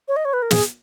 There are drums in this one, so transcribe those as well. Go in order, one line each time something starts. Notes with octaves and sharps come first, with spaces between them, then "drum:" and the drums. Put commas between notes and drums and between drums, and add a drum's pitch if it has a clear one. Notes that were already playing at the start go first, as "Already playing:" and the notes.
C#5
D#5
C#5
B4
A#4
G#4, drum: snare